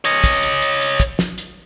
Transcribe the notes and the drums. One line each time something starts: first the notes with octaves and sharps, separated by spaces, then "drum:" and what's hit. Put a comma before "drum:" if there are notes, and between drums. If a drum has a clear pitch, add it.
C#5 D#5, drum: hi-hat
drum: kick, hi-hat
drum: hi-hat
drum: hi-hat
drum: hi-hat
drum: kick, hi-hat
drum: snare
drum: hi-hat